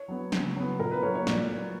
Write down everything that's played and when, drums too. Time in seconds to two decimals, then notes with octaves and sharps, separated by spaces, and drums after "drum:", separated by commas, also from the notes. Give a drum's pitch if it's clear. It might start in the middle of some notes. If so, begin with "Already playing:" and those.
Already playing: C#5
0.08 F#3 B3
0.32 C#3, drum: snare
0.56 F#3 B3
0.79 A#2 A#4
0.92 B4
1.03 F#3 A#3 C#5
1.15 C#5
1.27 A#2 D5, drum: snare
1.50 F#3 A#3